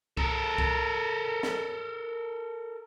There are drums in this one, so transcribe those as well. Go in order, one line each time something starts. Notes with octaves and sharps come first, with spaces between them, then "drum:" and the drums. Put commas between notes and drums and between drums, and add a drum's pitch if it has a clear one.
A4 A#4, drum: kick C2
drum: kick C2
drum: snare